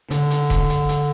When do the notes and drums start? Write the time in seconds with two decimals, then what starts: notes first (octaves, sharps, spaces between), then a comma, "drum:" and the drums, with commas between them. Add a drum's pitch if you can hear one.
0.11 D3, drum: hi-hat
0.31 drum: hi-hat
0.50 drum: kick E1, hi-hat
0.69 drum: hi-hat
0.89 drum: hi-hat